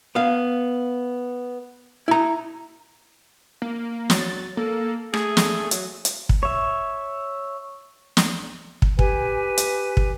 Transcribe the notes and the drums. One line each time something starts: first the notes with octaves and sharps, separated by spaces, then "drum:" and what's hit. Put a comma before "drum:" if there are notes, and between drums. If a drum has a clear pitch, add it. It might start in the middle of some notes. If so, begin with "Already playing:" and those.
B3 F5
E4 A#5
A#3
F#3 A6, drum: snare
A#3 A4
A3 G#4, drum: rim click
drum: snare
F#3, drum: hi-hat
drum: hi-hat
drum: kick
C#5 E5
drum: snare
drum: kick
G4 B4 G#5, drum: kick
drum: hi-hat
drum: kick